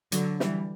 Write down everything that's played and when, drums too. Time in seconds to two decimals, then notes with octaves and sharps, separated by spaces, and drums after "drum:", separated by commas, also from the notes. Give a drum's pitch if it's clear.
0.12 D3 F#3, drum: hi-hat
0.40 E3 G3, drum: snare